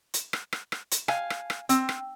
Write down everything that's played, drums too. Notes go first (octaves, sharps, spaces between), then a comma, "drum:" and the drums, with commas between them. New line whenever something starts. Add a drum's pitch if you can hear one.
drum: hi-hat
drum: rim click
drum: rim click
drum: rim click
drum: hi-hat
F5 G#5, drum: rim click
drum: rim click
drum: rim click
C4, drum: hi-hat
drum: rim click